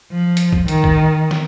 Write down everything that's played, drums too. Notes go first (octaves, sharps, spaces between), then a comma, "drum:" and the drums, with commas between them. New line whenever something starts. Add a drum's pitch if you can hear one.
F3
drum: hi-hat
drum: kick B1
D#3, drum: hi-hat
drum: kick B1
drum: snare